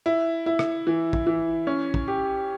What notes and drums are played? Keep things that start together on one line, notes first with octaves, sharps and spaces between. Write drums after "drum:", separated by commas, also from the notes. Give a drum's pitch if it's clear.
E4
E4
drum: rim click
E3
drum: kick
E3
C#4
drum: kick
G4